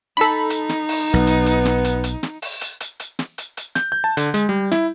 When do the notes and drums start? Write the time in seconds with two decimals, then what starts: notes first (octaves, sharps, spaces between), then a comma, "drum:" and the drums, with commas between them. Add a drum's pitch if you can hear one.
0.17 D#4 A4 B5
0.50 drum: hi-hat
0.69 drum: snare
0.88 drum: open hi-hat
1.14 B1 B3
1.27 drum: hi-hat
1.46 drum: hi-hat
1.65 drum: snare
1.84 drum: hi-hat
2.04 drum: hi-hat
2.23 drum: snare
2.42 drum: open hi-hat
2.61 drum: hi-hat
2.80 drum: hi-hat
3.00 drum: hi-hat
3.19 drum: snare
3.38 drum: hi-hat
3.57 drum: hi-hat
3.75 G6, drum: snare
3.92 G6
4.04 A5
4.17 D3, drum: hi-hat
4.34 G#3, drum: hi-hat
4.49 G3
4.72 E4, drum: snare